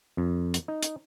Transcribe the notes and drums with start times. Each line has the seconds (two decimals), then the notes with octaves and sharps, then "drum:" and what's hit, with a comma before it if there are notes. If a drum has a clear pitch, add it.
0.17 F2
0.54 drum: hi-hat
0.68 D#4
0.83 drum: hi-hat